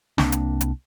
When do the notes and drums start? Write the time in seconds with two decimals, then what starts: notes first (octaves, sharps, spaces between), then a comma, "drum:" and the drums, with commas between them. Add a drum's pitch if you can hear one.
0.18 C2 A#3 C4 D4, drum: snare
0.32 drum: hi-hat
0.61 drum: hi-hat